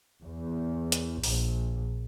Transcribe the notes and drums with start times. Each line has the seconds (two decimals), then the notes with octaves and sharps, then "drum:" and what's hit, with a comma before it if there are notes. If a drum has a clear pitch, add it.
0.24 E2
0.92 drum: hi-hat
1.24 A#1, drum: open hi-hat